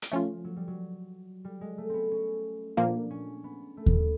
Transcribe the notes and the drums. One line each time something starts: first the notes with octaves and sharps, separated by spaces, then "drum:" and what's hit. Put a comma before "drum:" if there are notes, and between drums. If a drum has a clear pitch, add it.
drum: hi-hat
F3 A3 C#4 F4
F#3
G3
F#3
G3
G#3
A3
B3 C4
C#4
A#2 F3 A#3 D4
C#4
B3
A3
drum: kick D#2